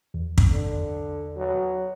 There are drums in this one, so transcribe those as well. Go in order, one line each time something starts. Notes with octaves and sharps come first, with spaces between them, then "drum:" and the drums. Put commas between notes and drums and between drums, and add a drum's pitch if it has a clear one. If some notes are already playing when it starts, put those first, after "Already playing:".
E2
drum: kick
D3
F#3